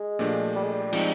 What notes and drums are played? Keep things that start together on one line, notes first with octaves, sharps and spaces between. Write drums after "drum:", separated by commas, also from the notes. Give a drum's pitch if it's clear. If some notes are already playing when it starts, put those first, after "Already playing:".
Already playing: G#3
A#2 F3 A3 D4 G4
G3
G#3
G3
F3 G#3 C4 D#4, drum: cymbal